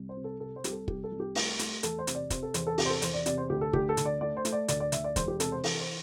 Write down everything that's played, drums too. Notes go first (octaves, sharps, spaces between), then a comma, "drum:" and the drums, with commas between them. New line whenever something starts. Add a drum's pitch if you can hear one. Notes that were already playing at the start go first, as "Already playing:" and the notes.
Already playing: C2
C5
C3
A4
C3 A4
C5
C2 G4, drum: hi-hat
A4
C2 G4, drum: kick
A4
C2
G4
A3, drum: open hi-hat
A3, drum: hi-hat
E2 A4, drum: hi-hat
C5
C3, drum: hi-hat
D5
C3 C5, drum: kick, hi-hat
A4
E2 C5, drum: hi-hat
A4
C3 G4, drum: open hi-hat
C5
A4
E2 C5, drum: hi-hat
D5
C3 D5, drum: hi-hat
C5
D2 G4
A4
D2 G4, drum: kick
A4
D2, drum: hi-hat
D5
A3 D5
C5
A3, drum: hi-hat
D5
D2 D5, drum: hi-hat
D5
D2 E5, drum: hi-hat
D5
E1 C5, drum: kick, hi-hat
G4
C3 A4, drum: hi-hat
C5
E3 A4, drum: open hi-hat
C5